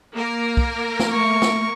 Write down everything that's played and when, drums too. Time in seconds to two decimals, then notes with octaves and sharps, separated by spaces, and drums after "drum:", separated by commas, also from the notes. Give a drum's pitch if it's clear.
0.15 A#3 A#4
0.57 drum: kick
0.99 drum: snare
1.13 A3 C#6
1.42 drum: snare